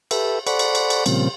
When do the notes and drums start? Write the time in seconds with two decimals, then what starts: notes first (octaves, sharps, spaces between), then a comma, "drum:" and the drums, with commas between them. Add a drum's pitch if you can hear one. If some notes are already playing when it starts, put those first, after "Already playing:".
0.11 G4 A4 B4 E5, drum: cymbal
0.47 A4 C5 D5 F#5 B5 C#6, drum: cymbal
0.59 drum: cymbal
0.75 drum: cymbal
0.90 drum: cymbal
1.06 A#2 C#3 F3 G3 C4, drum: cymbal